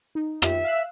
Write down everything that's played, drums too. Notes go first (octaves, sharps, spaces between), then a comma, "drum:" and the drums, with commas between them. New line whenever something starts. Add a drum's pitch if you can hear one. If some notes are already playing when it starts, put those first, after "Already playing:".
D#4
F4 G4 E5, drum: rim click
F5 E6 F#6